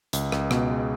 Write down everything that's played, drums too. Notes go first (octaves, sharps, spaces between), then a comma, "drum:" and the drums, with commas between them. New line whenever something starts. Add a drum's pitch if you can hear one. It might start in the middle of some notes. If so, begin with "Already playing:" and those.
C#2, drum: hi-hat
C#2, drum: rim click
B2, drum: rim click
G#3